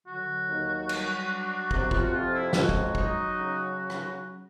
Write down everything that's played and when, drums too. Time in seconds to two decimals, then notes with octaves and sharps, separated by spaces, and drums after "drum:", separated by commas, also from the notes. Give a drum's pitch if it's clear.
0.06 D3 F#3 F#4
0.48 D#2
0.89 G3, drum: cymbal
1.31 D4
1.71 C3 F#3 F#4, drum: kick
1.91 F4, drum: kick
2.03 F#4
2.12 F2 F4
2.33 E4
2.53 F#3 G#3 F#4, drum: snare
2.69 drum: kick
2.95 D#4, drum: kick
3.36 C#3
3.90 drum: rim click